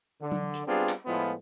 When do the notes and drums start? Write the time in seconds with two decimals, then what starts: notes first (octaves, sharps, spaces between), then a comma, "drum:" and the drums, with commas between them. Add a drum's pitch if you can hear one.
0.21 D3
0.32 drum: tom F#3
0.54 drum: hi-hat
0.67 G3 B3 C4 D4 F4 G#4
0.89 drum: clap
1.06 A2 F3 G#3 B3 E4 F4